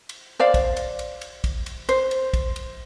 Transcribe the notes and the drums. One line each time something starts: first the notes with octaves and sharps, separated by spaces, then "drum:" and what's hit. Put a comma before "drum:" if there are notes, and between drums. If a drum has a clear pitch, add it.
drum: cymbal
C5 D5 F5
drum: kick, cymbal
drum: cymbal
drum: cymbal
drum: cymbal
drum: kick, cymbal
drum: cymbal
C5, drum: cymbal
drum: cymbal
drum: kick, cymbal
drum: cymbal